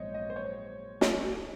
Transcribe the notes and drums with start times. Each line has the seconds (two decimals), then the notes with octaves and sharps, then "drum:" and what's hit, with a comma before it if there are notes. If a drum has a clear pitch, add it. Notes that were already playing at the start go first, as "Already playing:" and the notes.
Already playing: A#1 G#2 F#3 C4 C5 C#5 D#5
0.14 D#5
0.30 C5
0.36 C#5
1.01 drum: snare